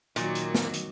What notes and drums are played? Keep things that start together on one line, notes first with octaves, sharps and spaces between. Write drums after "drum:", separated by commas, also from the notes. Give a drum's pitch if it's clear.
A#2 D#3 F#3 F#4, drum: hi-hat
drum: hi-hat
drum: snare
drum: hi-hat